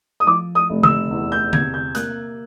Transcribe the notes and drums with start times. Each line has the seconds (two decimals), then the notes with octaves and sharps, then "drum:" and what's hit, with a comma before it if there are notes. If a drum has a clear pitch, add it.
0.20 D#6
0.27 F3 D6
0.55 D#6
0.69 F1
0.83 E6, drum: tom D3
1.11 E2
1.32 G6
1.53 C3 G#6, drum: tom D3
1.74 G6
1.95 A#3 F#6, drum: hi-hat